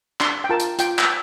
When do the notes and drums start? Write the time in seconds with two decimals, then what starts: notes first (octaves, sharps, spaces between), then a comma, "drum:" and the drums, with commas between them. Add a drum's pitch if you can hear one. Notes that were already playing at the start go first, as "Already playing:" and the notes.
0.20 D4 C6, drum: clap
0.44 G5
0.49 F4 A#4 A5
0.60 drum: hi-hat
0.79 F4 G5, drum: hi-hat
0.99 drum: clap